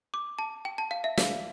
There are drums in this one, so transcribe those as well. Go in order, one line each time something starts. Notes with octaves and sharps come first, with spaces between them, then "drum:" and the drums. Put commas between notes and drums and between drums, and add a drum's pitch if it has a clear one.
D6
A5
G5
A5
F5
E5
F5, drum: snare